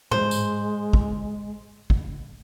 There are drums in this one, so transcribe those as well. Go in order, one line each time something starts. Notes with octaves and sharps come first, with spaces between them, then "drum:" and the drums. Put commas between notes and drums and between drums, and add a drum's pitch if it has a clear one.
G#3 C5, drum: tom G#2
drum: tambourine
drum: kick
drum: kick